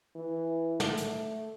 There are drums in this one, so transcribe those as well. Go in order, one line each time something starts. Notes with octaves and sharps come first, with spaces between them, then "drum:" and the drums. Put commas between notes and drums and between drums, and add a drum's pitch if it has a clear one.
E3
A3, drum: snare
drum: hi-hat